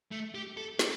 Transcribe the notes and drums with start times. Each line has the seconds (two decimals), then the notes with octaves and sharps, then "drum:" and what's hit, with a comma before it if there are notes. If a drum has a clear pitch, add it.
0.12 A3
0.35 G4
0.57 A4
0.79 A4, drum: snare